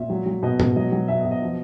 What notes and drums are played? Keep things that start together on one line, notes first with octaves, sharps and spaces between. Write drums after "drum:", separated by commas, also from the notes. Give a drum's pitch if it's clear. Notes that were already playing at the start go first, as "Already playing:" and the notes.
Already playing: A#2 E5
F#3
F#3
B2 D#5
B2, drum: tom G#2
F#3 D#5
F#3
B2 E5
D#5
B2
D#5
F3